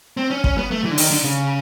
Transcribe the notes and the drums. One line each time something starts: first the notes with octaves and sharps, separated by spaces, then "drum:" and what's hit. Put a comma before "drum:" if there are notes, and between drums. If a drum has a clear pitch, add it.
C4
C#4
C#4, drum: kick
B3
A3
E3
D3
D#3, drum: open hi-hat
D3
C#3